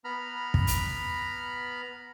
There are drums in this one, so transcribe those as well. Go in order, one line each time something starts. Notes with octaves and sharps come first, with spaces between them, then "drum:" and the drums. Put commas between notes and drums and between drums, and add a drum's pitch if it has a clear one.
B3 A#5 B5 F6
drum: kick
drum: hi-hat